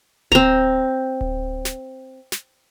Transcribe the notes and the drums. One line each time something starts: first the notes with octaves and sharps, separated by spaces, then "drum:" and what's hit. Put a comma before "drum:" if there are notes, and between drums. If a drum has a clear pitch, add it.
C4 A#5, drum: kick D1
drum: kick D1
drum: snare
drum: snare